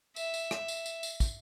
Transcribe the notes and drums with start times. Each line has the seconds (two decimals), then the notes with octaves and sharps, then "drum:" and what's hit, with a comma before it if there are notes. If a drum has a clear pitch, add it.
0.16 E5, drum: tambourine
0.34 drum: tambourine
0.51 drum: rim click
0.68 drum: tambourine
0.86 drum: tambourine
1.03 drum: tambourine
1.20 drum: kick, tambourine